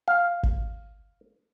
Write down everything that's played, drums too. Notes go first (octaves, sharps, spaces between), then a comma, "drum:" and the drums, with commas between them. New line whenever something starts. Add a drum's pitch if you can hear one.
F5
drum: kick G#1